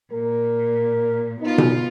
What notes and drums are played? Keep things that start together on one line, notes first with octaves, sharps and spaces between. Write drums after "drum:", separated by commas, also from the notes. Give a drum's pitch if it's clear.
A#2 A#4
B3 D#4 F4
drum: tom B2